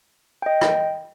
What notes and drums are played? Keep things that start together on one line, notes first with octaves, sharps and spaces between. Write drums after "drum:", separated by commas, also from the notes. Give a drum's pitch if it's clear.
D#5 G5
drum: rim click